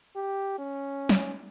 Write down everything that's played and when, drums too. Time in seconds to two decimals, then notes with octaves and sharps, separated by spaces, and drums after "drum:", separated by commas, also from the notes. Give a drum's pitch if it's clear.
0.16 G4
0.58 C#4
1.09 drum: snare